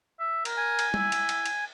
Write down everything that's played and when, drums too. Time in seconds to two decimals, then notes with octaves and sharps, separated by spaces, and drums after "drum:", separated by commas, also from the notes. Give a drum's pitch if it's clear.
0.20 E5
0.45 A#4, drum: cymbal
0.57 G#5
0.79 drum: cymbal
0.94 E4, drum: tom
1.12 drum: cymbal
1.29 drum: cymbal
1.46 drum: cymbal